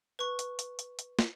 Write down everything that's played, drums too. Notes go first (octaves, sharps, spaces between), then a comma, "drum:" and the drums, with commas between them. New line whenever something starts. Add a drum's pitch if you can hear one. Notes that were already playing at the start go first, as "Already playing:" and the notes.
B4 C#6
drum: hi-hat
drum: hi-hat
drum: hi-hat
drum: hi-hat
drum: snare